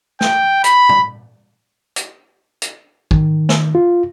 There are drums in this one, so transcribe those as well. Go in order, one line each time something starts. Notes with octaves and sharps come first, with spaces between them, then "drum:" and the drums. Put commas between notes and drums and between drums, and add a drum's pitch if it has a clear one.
G5, drum: snare
B5, drum: hi-hat
drum: tom A#2
drum: hi-hat
drum: hi-hat
D#3, drum: kick
drum: snare
F4